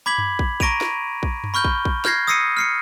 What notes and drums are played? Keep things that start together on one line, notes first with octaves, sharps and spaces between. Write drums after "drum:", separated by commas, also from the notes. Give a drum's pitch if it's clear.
B5 D6 G#6 B6 F#7
drum: tom F#2
drum: kick
A#5 C#6 A#6 D7 D#7 F7, drum: kick
drum: snare
drum: kick
drum: tom F#2
B5 C#6 F6 G6 G7
drum: kick
drum: kick
F6 G6 G#6 A#6 C7, drum: snare
D#6 E6 A#6 C7 C#7 D#7
F6 C7 C#7